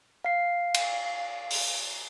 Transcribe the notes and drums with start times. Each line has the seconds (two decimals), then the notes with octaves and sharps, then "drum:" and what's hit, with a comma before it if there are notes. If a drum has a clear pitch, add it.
0.25 F5 C7
0.74 drum: cymbal
1.50 drum: open hi-hat